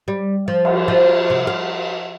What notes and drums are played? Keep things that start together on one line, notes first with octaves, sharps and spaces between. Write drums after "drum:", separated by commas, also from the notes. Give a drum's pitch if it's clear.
G3
F3
drum: cymbal
F3
C3
F5